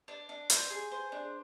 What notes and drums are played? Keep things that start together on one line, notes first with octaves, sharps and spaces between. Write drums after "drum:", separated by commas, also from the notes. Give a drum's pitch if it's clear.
D4
D4
C5, drum: hi-hat
G#4
C5
D4